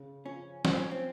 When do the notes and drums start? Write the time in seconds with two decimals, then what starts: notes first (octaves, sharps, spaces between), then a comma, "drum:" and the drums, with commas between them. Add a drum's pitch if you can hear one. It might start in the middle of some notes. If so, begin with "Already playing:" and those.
Already playing: C#3
0.25 F3 C#4
0.65 F3 C4, drum: snare
0.78 C#4
0.91 C4